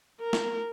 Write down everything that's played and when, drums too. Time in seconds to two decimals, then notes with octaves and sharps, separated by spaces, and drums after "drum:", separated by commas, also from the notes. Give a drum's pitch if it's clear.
0.21 A#4
0.33 drum: snare